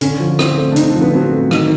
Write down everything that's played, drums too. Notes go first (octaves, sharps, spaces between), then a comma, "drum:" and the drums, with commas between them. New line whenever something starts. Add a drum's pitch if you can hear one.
D3 C#4, drum: hi-hat
F3
C4, drum: rim click
A3
D4
D3 D#4, drum: hi-hat
D4
F3
B3
F#3 C4
A3
D#3, drum: rim click